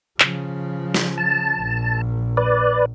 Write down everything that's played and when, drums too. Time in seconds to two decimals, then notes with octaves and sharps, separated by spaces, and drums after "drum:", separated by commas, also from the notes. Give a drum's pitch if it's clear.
0.20 C#3 F3, drum: clap
0.94 drum: snare
1.18 A5
1.60 A#1
2.37 B4 D5